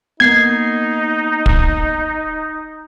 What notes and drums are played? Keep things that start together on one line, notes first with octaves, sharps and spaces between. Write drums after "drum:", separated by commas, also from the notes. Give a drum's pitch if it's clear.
A#3 B3 D#4 G#6 C7
drum: kick